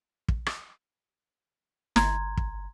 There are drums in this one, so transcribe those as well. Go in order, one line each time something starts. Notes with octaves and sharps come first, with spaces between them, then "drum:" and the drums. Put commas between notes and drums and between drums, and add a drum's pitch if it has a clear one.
drum: kick
drum: rim click
G1 A#5 C6 G#6, drum: snare
drum: kick